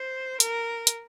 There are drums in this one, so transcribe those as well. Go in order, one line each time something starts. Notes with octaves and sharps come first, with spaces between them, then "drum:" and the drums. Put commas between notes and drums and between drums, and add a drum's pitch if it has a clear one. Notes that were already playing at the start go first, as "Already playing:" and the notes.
Already playing: C5
A#4, drum: hi-hat
drum: hi-hat